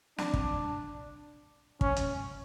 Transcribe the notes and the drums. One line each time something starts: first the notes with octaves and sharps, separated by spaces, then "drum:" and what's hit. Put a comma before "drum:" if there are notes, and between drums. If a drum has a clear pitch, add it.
D4, drum: snare
drum: kick
C#4, drum: kick
drum: hi-hat